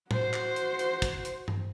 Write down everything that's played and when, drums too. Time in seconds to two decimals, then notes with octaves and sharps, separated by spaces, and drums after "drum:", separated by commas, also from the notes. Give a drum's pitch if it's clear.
0.11 F#4 C5, drum: tom A2
0.34 drum: clap
0.56 drum: hi-hat
0.79 drum: hi-hat
1.02 drum: kick, hi-hat
1.25 drum: hi-hat
1.48 drum: tom G2